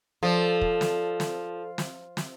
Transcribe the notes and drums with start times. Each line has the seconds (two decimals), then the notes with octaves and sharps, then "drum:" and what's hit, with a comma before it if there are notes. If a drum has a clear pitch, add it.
0.23 F3 A4 D5
0.61 drum: kick
0.81 drum: snare
1.20 drum: snare
1.78 drum: snare
2.17 drum: snare